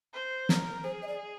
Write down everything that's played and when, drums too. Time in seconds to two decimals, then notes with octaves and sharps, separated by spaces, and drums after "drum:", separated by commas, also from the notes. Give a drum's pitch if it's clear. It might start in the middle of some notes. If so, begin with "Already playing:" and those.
0.14 C5
0.49 A#4, drum: snare
0.84 G#4 C5
1.03 D#5
1.07 D5